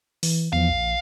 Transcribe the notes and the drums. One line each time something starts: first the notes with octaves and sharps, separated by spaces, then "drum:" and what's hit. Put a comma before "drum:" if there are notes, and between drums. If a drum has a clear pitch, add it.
E3, drum: open hi-hat
E2 F3 F5
A#1